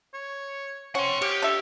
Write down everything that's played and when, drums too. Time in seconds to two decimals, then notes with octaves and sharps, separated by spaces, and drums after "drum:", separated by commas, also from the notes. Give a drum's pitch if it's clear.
0.14 C#5
0.95 C4 C#4 F#5 C6 C#6
1.21 G4, drum: cymbal
1.42 D4 A4 E5